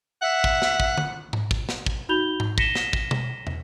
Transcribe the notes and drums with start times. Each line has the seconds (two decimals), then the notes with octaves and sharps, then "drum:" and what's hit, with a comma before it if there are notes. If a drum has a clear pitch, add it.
0.22 E5 F#5
0.44 drum: kick
0.62 drum: snare
0.80 drum: kick
0.97 drum: tom
1.33 drum: tom G#2
1.51 drum: kick
1.69 drum: snare
1.86 drum: kick
2.09 D#4 F#4 B5 G6 F7 G7
2.40 drum: tom G#2
2.58 A#6 B6 C#7 D#7 E7 G7, drum: kick
2.75 drum: snare
2.93 drum: kick
3.11 drum: tom B2
3.47 drum: tom